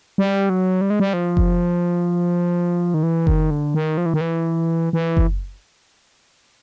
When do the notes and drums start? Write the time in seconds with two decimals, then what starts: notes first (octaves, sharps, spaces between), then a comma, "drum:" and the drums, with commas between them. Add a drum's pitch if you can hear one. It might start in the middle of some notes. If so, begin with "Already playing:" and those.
0.18 G3
0.49 F#3
0.81 G3
0.90 G#3
1.00 G3
1.13 F3
1.37 drum: kick F#1
2.94 D#3
3.03 E3
3.27 D#3, drum: kick F#1
3.51 D3
3.75 D#3
3.98 F3
4.06 E3
4.14 D#3
4.21 E3
4.93 E3
5.17 drum: kick F#1